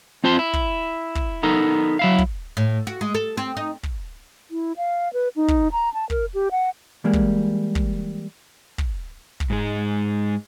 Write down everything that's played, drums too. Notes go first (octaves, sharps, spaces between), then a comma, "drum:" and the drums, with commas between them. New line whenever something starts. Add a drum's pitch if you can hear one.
C4 F4 C5 A5 C6
E4
drum: kick
drum: kick
B3 D#4 A4 A#4
F#3 E4 F5
drum: kick
A2
F#4
G#3
A4
C4
D#4
drum: kick
E4
F5
B4
D#4
drum: kick
A#5
A5
A#4, drum: kick
G4
F#5
E3 G3 G#3 A#3
drum: kick
drum: kick
drum: kick
drum: kick
G#2 G#3